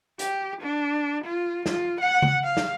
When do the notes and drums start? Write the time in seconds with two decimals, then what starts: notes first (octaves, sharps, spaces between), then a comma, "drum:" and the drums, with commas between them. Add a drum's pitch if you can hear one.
0.19 G4, drum: hi-hat
0.61 D4
1.24 F4
1.66 F4, drum: snare
2.01 F#5
2.22 drum: tom C#3
2.44 F5
2.57 drum: snare